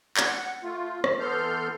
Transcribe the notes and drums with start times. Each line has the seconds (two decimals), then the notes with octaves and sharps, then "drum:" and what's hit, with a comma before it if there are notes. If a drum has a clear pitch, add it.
0.17 F#5, drum: clap
0.63 A3 F4
1.04 drum: rim click
1.20 E3 B3 A4 C6 F6 G6